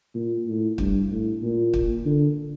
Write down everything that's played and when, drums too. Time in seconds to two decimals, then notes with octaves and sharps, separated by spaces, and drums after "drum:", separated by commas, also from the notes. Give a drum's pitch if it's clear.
0.14 A#2
0.47 A2
0.78 G2, drum: kick
1.10 A2
1.42 A#2
1.74 drum: kick
2.05 D3